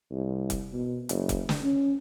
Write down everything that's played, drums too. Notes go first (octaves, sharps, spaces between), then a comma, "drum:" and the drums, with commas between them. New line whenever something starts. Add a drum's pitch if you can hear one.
C2
drum: kick F1, hi-hat
B2
F#1, drum: hi-hat
drum: kick F1, hi-hat
drum: snare
C#4